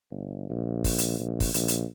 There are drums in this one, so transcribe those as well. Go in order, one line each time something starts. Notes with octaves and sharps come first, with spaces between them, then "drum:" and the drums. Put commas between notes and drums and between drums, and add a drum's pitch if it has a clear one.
G1
A#1
drum: kick, open hi-hat
drum: hi-hat
A#1
drum: kick, open hi-hat
A#1, drum: hi-hat
drum: hi-hat